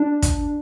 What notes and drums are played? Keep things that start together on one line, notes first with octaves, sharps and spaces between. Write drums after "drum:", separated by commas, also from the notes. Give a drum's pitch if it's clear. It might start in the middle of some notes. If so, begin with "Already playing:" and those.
Already playing: D4
drum: kick, hi-hat